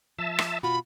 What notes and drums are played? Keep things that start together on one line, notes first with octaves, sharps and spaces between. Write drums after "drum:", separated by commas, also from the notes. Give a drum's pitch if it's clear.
F3 E5 A5
drum: rim click
B2 F4 F#4 B5